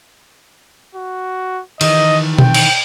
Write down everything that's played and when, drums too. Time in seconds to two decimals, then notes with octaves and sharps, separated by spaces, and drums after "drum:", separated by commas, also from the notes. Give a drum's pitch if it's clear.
0.95 F#4
1.81 D#3 E3 D#5, drum: cymbal
2.39 G5, drum: tom B2
2.54 drum: cymbal